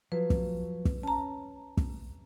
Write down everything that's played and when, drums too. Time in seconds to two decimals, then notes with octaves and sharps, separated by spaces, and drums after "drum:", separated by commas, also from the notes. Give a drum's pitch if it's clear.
0.12 F3 F#3 B4
0.30 drum: kick
0.85 drum: kick
1.03 C#4 A5 A#5
1.77 drum: kick